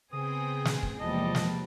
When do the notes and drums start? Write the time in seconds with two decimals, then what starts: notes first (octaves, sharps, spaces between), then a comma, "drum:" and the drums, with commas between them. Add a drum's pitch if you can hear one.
0.13 C#3 B3 C4 G#4 G5 D#6
0.65 drum: snare
0.83 drum: kick
1.00 E2 C3 F3 G3 G#3 A#3 D#5 A5
1.35 drum: snare